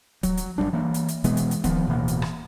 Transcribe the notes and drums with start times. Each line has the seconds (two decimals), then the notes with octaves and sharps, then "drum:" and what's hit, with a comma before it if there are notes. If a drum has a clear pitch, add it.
0.23 F#3, drum: kick, hi-hat
0.37 drum: hi-hat
0.58 G1 E2 G3 D4
0.73 E3 A#3
0.94 drum: hi-hat
1.08 drum: hi-hat
1.24 B2 E3 G#3 B3, drum: hi-hat
1.37 drum: hi-hat
1.51 drum: hi-hat
1.64 D#3 F3 B3, drum: kick, hi-hat
1.87 D1 B2 E3 A#3
2.08 drum: hi-hat
2.22 drum: rim click